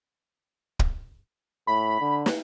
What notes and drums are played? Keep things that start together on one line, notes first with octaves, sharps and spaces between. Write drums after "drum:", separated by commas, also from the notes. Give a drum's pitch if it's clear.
drum: kick
A2 B5
D3
drum: snare